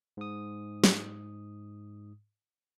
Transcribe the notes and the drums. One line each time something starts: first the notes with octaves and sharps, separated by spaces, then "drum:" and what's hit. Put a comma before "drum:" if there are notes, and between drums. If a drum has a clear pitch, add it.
G#2 D#6
drum: snare